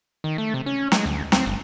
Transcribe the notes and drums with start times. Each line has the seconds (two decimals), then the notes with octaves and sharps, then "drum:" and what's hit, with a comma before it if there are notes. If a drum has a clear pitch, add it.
0.24 D#3
0.38 A3
0.54 C3
0.66 C#4
0.92 G#3, drum: snare
1.06 D2
1.32 C4, drum: snare
1.46 G1